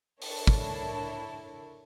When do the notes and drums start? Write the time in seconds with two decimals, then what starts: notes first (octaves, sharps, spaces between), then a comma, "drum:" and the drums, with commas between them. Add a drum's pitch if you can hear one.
0.22 D4 E4 A4 A#4 C#5, drum: open hi-hat
0.47 drum: kick